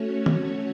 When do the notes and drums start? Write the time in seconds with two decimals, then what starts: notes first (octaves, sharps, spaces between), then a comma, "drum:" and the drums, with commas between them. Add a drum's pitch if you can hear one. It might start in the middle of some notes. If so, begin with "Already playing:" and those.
Already playing: A3 C#4 F#4 C#5
0.26 drum: tom